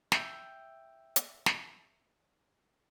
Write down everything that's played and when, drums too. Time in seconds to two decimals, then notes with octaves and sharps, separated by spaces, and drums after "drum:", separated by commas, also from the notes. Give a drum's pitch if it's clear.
0.12 E5 G5, drum: snare
1.16 drum: hi-hat
1.46 drum: snare